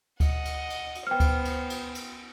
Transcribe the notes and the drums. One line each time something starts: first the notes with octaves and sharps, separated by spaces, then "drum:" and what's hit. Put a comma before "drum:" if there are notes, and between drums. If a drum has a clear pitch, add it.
D#5 F#5, drum: kick D2, cymbal
drum: cymbal
drum: cymbal
drum: cymbal
B3 C5 G5 F6
drum: kick D2, cymbal
drum: cymbal
drum: cymbal
drum: cymbal